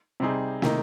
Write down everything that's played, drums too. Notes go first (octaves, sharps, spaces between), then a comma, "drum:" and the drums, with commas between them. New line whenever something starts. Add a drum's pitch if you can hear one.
C3 G3 C4 D#4 G#4
C3 D#3 A#3 D#4, drum: snare